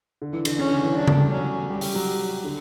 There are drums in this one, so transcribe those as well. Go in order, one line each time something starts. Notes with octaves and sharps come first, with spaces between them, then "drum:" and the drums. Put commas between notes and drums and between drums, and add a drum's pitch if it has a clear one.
D3
E3
D3, drum: cymbal
C#3 C#4
D3
E3
F#3 D4
A3, drum: tom C#3
G3
F#3 C#4
G3 G4
G3, drum: open hi-hat
F#3
D3